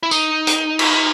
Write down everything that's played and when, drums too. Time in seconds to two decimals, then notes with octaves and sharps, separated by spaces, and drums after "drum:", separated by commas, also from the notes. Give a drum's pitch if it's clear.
0.03 E4
0.11 D#4, drum: tambourine
0.47 drum: hi-hat
0.79 drum: cymbal